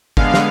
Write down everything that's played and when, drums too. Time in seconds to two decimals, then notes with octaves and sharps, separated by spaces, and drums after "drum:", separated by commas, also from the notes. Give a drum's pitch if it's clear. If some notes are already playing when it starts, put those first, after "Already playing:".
0.17 D3 G#3 B3 F5, drum: kick
0.34 drum: snare